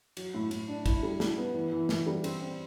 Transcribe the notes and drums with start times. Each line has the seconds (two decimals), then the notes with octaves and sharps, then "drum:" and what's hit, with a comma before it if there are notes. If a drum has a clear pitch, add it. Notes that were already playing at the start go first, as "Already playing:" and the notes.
0.17 F#3, drum: cymbal
0.34 A2
0.51 A2, drum: cymbal
0.68 D4
0.86 E4, drum: kick, cymbal
1.03 G3
1.20 G3, drum: snare
1.38 B3
1.54 E3
1.72 E3
1.89 E3, drum: snare
2.06 G3
2.24 C4, drum: cymbal
2.40 C4